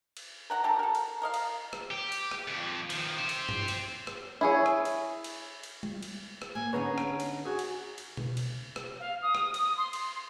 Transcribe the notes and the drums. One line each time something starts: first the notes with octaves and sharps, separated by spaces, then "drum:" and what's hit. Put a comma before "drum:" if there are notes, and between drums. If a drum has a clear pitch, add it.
drum: cymbal
A#4 F#5 A#5
D4 G4 A4
A4 A#4
drum: cymbal
A#4 D#5 F5
drum: cymbal
drum: rim click
G4
drum: cymbal
drum: rim click
F2
D#3 F3, drum: cymbal
G4 C5
drum: cymbal
drum: tom
drum: cymbal
drum: rim click
E4 G#4 C#5
drum: rim click
drum: cymbal
drum: cymbal
drum: cymbal
drum: tom G3
drum: cymbal
drum: rim click
A#3 G#5
D3 B3 C#4 D#4 G#4 C#5 A#5
D7, drum: rim click
drum: cymbal
F#4 G#4 G#5
drum: cymbal
drum: cymbal
drum: tom B2
drum: cymbal
drum: rim click
F5
D#6
drum: rim click
drum: cymbal
C6
drum: cymbal